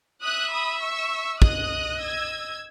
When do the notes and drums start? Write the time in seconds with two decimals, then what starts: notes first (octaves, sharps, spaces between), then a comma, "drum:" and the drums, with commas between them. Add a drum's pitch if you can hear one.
0.22 E5 D#6 F#6
0.52 B5 D#6
0.82 C#6 E6
1.42 D#5 D#6 F#6, drum: kick
2.01 E6 G#6